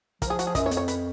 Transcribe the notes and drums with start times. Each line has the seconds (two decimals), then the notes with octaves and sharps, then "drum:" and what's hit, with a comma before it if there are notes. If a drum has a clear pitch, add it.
0.22 F3 A#4, drum: kick, hi-hat
0.30 G#4
0.39 F#4, drum: hi-hat
0.47 G#4
0.55 F#2 D#5, drum: kick, hi-hat
0.66 C#5
0.71 F2, drum: hi-hat
0.77 C#5
0.88 B4, drum: hi-hat